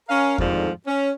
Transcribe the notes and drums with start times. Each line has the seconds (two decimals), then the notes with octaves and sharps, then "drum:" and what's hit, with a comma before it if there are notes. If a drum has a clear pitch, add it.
0.08 C#4 A#4 F5
0.38 F2 G#2 D3 D#3 F3 G3, drum: kick E2
0.87 C#4